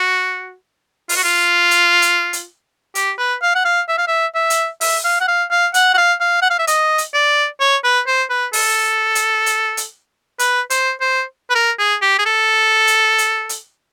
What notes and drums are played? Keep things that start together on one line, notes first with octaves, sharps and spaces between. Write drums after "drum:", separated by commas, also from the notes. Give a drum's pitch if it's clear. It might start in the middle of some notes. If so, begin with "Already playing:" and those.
Already playing: F#4
F4, drum: open hi-hat
F#4
F4
drum: hi-hat
drum: hi-hat
drum: hi-hat
G4, drum: hi-hat
B4
F5
F#5
F5
E5
F5
E5
E5
drum: hi-hat
E5, drum: open hi-hat
F5
F#5
F5
F5
F#5, drum: hi-hat
F#5
F5
F5
F#5
F5
E5
D#5, drum: hi-hat
drum: hi-hat
D5
C#5
B4
C5
B4
A4, drum: open hi-hat
drum: hi-hat
drum: hi-hat
drum: hi-hat
B4, drum: hi-hat
C5, drum: hi-hat
C5
B4
A#4
G#4
G4
G#4
A4
drum: hi-hat
drum: hi-hat
drum: hi-hat